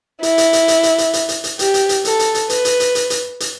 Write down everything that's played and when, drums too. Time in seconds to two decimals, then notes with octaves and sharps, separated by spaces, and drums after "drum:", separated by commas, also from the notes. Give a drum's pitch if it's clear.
0.23 E4, drum: hi-hat
0.38 drum: hi-hat
0.53 drum: hi-hat
0.68 drum: hi-hat
0.83 drum: hi-hat
0.98 drum: hi-hat
1.13 drum: hi-hat
1.29 drum: hi-hat
1.44 drum: hi-hat
1.59 G4, drum: hi-hat
1.74 drum: hi-hat
1.89 drum: hi-hat
2.05 A4, drum: hi-hat
2.19 drum: hi-hat
2.34 drum: hi-hat
2.50 B4, drum: hi-hat
2.65 drum: hi-hat
2.80 drum: hi-hat
2.95 drum: hi-hat
3.10 drum: hi-hat
3.40 drum: hi-hat